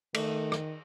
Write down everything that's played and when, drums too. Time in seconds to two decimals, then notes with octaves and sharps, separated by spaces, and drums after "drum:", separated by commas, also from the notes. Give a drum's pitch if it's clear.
0.14 D#3 A3, drum: cymbal
0.52 drum: rim click